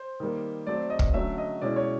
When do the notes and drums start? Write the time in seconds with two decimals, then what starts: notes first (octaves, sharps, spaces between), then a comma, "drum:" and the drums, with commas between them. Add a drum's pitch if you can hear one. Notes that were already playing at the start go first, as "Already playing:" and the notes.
Already playing: C5
0.20 D#3 G3 A#3
0.67 F#3 A3 C4 D5
0.90 D#5
0.99 drum: kick
1.14 D3 F#3 A3 C#4 E5
1.38 D#5
1.61 B2 G#3 C#4 E4 D5
1.76 C#5